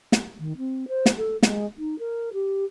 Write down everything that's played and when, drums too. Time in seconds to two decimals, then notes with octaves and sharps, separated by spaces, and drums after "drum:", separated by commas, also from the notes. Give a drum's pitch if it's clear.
0.12 drum: snare
0.39 D#3
0.58 C4
0.88 C5
1.06 drum: snare
1.17 A4
1.43 G#3, drum: snare
1.78 D#4
1.99 A#4
2.33 G4